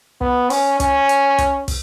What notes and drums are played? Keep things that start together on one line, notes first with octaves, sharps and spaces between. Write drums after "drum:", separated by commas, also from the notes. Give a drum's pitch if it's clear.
B3, drum: kick
C#4, drum: open hi-hat
C#4, drum: kick, hi-hat
drum: hi-hat
drum: kick, hi-hat
drum: kick, open hi-hat